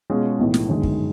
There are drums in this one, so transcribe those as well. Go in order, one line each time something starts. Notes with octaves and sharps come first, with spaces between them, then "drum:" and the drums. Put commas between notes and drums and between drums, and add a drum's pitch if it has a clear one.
B2 G#3 C#4 F4 G#4
B1 A2 E3
drum: snare
G1 F#2 D#3 G#3
drum: kick